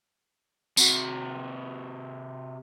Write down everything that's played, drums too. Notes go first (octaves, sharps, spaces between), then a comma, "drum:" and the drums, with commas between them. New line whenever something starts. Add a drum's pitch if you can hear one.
C3 F#4, drum: tambourine